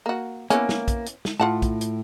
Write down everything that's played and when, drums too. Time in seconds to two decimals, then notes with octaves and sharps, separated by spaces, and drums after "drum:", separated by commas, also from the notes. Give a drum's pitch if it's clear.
0.06 A#3 F#4
0.50 E3 A#3 B3 C#4, drum: hi-hat
0.69 drum: snare
0.88 drum: kick, hi-hat
1.06 drum: hi-hat
1.25 drum: snare
1.40 A2 F4 F#5 A5
1.62 drum: kick, hi-hat
1.81 drum: hi-hat